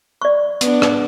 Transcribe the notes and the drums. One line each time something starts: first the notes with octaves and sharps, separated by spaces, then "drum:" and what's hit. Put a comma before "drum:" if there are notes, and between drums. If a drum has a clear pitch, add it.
D5 C#6
B3 D4, drum: hi-hat
drum: rim click